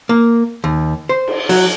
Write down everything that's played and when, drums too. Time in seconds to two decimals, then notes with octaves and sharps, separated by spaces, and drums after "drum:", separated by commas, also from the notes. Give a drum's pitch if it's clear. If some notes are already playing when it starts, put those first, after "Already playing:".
0.09 A#3
0.64 D#2
1.09 C5
1.28 drum: cymbal
1.49 F#3, drum: open hi-hat